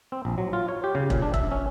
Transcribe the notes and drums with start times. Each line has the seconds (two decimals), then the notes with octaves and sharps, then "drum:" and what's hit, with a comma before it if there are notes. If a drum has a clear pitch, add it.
0.12 C4
0.25 A#1
0.38 F#3
0.53 F4
0.68 C#5
0.84 G4
0.95 C#3
1.10 A#2, drum: kick E1
1.22 D4
1.34 E5, drum: kick E1
1.51 C#4